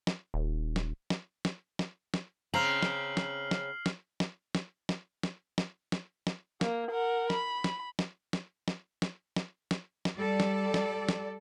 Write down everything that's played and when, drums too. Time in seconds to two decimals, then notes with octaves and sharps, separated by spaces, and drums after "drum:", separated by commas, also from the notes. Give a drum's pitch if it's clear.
0.07 drum: snare
0.34 D#1
0.76 drum: snare
1.10 drum: snare
1.45 drum: snare
1.79 drum: snare
2.14 drum: snare
2.54 C#3 C4 A#5 F6 C7 F#7
2.82 drum: snare
3.17 drum: snare
3.51 drum: snare
3.86 drum: snare
4.20 drum: snare
4.55 drum: snare
4.89 drum: snare
5.23 drum: snare
5.58 drum: snare
5.92 drum: snare
6.27 drum: snare
6.61 A#3, drum: snare
6.91 A#4 F#5
7.30 B5, drum: snare
7.64 drum: snare
7.99 drum: snare
8.33 drum: snare
8.68 drum: snare
9.02 drum: snare
9.36 drum: snare
9.71 drum: snare
10.05 drum: snare
10.18 G3 A4 D5
10.40 drum: snare
10.74 drum: snare
11.09 drum: snare